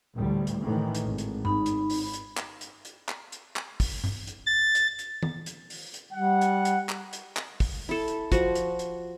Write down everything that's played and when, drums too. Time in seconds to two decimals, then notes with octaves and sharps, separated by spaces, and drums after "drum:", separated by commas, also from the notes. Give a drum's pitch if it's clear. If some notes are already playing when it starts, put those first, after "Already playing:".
0.16 A1 D2 G3
0.47 drum: hi-hat
0.62 A2 D#3 E3
0.95 drum: hi-hat
1.04 G#1
1.18 drum: hi-hat
1.45 D#4 B5, drum: tom G2
1.66 drum: hi-hat
1.90 drum: open hi-hat
2.13 drum: hi-hat
2.37 drum: clap
2.61 drum: hi-hat
2.85 drum: hi-hat
3.09 drum: clap
3.32 drum: hi-hat
3.56 drum: clap
3.80 drum: kick, open hi-hat
4.04 drum: tom G2
4.27 drum: hi-hat
4.46 A6
4.75 drum: hi-hat
4.99 drum: hi-hat
5.23 drum: tom D#3
5.46 drum: hi-hat
5.70 drum: open hi-hat
5.94 drum: hi-hat
6.13 G3 F#5
6.41 drum: hi-hat
6.65 drum: hi-hat
6.89 drum: clap
7.13 drum: hi-hat
7.37 drum: clap
7.60 drum: kick, open hi-hat
7.89 E4 A4
8.08 drum: hi-hat
8.32 F3 F#4, drum: kick, hi-hat
8.55 drum: hi-hat
8.79 drum: hi-hat